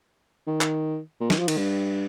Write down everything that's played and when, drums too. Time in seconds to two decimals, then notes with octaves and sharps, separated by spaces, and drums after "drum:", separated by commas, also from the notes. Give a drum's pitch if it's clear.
0.47 D#3
0.61 drum: clap
1.21 A#2
1.30 D#3, drum: snare
1.39 F3
1.48 D#3, drum: cymbal
1.57 G2